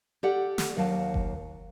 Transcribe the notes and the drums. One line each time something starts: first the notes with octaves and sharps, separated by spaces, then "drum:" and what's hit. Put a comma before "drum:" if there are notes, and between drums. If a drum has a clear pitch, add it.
G4 A4 D5 F#5
drum: snare
D#2 F#3 F5 A5
drum: kick F#1